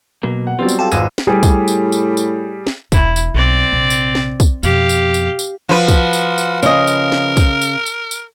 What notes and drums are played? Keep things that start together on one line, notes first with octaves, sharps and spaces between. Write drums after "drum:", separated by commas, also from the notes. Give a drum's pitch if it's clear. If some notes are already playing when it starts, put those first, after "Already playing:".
B2 F#3 A#3
F#5
F#3 G3 B3 C4 F4 D5
drum: tambourine
F4 G4 A4 A5
G#1 F4 G#4 B4 D#5 G#5 E6 D#7, drum: tambourine
drum: snare
A2 G3 G4 G#4
drum: kick, tambourine
drum: tambourine
drum: tambourine
drum: tambourine
drum: snare
E1 E4, drum: kick, tambourine
drum: tambourine
B1 C4 D5
A#1 C3
drum: tambourine
drum: snare
drum: kick, tambourine
F2 B2 G4 F5, drum: tambourine
drum: tambourine
drum: tambourine
drum: tambourine
F3 F#4 B4
drum: kick, tambourine
drum: tambourine
drum: tambourine
C#3 A#4 D#5, drum: tambourine
drum: tambourine
drum: snare
drum: kick, tambourine
drum: tambourine
drum: tambourine
drum: tambourine